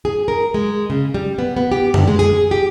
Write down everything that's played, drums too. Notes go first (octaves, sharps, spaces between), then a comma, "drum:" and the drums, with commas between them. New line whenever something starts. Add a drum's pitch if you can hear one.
G#4
A#4
G#3
C#3
G3
B3
B3
G4
D3, drum: tom F#2
G#3
G#4
G4